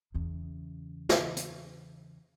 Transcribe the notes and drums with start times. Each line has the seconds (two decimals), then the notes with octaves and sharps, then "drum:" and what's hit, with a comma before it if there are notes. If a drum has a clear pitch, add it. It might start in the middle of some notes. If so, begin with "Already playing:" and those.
0.14 E2 C#3
1.09 drum: snare
1.36 drum: hi-hat